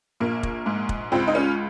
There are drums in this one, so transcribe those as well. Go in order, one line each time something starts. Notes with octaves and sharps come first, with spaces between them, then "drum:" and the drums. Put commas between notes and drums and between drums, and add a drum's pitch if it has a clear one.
A#1 A#3
drum: kick
G#2
drum: kick
C#2 C4
D#4
C#4